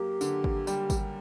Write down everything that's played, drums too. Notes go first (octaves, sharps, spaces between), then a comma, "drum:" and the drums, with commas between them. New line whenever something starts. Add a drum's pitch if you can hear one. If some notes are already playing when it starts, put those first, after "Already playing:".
Already playing: F#2 A#3 G4
D3, drum: tambourine
drum: kick G#1
G3, drum: tambourine
drum: kick G#1, tambourine